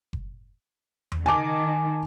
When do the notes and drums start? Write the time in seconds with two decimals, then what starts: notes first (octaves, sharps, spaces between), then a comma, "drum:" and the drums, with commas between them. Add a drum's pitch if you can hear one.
0.13 drum: kick F#1
1.12 drum: tom
1.26 D#3 G#5 A5 D6, drum: tom C#3